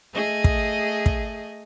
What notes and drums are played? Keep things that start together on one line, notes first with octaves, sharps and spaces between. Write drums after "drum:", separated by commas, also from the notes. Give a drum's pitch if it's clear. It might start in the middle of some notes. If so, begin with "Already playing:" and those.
A3 G#4 D#5
drum: kick
drum: kick